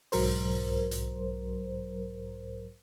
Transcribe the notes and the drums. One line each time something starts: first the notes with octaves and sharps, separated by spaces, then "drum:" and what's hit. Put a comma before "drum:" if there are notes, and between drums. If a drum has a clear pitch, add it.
B1 G#2 F#3 A#4 C5, drum: open hi-hat
drum: hi-hat